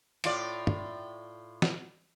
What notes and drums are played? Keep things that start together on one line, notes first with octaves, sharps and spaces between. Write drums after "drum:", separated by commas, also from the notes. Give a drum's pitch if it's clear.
A2 F4 D5, drum: hi-hat
drum: tom
drum: snare